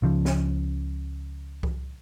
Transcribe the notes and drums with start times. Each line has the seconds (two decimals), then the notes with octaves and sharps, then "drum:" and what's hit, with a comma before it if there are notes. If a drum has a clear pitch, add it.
0.02 C#2 C#3 F3
0.25 drum: snare
1.63 drum: kick C2